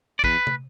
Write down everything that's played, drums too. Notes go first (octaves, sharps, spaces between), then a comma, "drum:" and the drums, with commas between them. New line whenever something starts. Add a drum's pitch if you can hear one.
D5
E2 B4, drum: kick
drum: tom